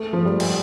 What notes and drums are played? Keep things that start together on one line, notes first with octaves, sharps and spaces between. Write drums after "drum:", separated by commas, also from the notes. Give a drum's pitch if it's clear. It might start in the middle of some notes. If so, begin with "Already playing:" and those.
Already playing: A3
F3
G3
drum: cymbal